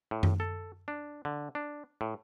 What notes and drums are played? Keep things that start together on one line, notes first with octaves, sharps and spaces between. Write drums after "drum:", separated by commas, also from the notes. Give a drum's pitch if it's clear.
A2
drum: tom F#2
A4
D4
D3
D4
A2